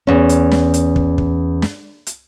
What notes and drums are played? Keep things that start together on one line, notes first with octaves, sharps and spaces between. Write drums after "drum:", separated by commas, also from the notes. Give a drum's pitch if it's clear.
E2 C#4
drum: hi-hat
drum: snare
drum: hi-hat
drum: kick
drum: kick
drum: snare
drum: hi-hat